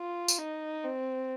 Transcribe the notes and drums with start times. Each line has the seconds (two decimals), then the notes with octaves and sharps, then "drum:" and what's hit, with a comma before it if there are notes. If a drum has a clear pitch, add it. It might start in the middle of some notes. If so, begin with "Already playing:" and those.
Already playing: F4
0.28 drum: tambourine
0.39 D#4
0.84 C4